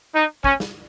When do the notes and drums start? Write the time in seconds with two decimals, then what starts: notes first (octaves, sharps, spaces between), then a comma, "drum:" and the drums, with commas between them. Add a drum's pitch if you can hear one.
0.15 D#4
0.44 C#4, drum: kick
0.60 drum: snare